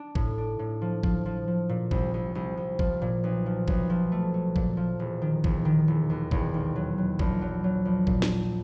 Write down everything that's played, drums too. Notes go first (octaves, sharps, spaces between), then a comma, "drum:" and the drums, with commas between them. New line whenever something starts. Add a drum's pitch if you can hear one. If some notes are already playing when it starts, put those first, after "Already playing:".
Already playing: D4
A2, drum: kick G#1
D4
A2
F3
F3, drum: kick G#1
F3
F3
A#2
C2, drum: kick G#1
C2
C2
C2
F3, drum: kick G#1
A#2
B1
F3
B1, drum: kick G#1
F3
A3
A3
A#2, drum: kick G#1
F3
E1
D#3
E1, drum: kick G#1
D#3
E1
D#2
E1, drum: kick G#1
D#2
F#3
F#3
A#1, drum: kick G#1
F#3
F#3
A#1
A#2, drum: kick G#1
drum: snare